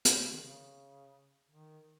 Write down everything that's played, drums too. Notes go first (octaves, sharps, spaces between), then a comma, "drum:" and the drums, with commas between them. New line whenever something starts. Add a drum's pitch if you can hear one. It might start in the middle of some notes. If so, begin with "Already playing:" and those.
drum: hi-hat
C#3
D#3
C#3
D#3